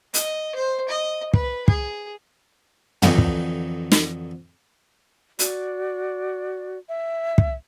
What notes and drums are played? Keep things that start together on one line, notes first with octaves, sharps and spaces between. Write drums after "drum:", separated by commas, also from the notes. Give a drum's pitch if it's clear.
D#5, drum: hi-hat
C5
D#5
B4, drum: kick
G#4, drum: kick
F2 D3 E3 D#4 F#4, drum: tom
drum: kick
drum: snare
F#4 D5, drum: hi-hat
E5
drum: kick